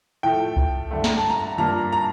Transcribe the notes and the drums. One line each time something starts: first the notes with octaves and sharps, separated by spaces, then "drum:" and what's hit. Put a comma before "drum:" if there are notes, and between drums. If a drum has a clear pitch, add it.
A2 F3 A3 G5
drum: kick C2
G2 D3 A3
A#5, drum: snare
A5
A#5
G2 F3 A#3 A#5
A#5